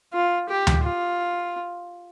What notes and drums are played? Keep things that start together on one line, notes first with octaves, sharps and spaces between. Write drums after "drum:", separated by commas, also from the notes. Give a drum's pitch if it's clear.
F4
G4
drum: tom D2
F4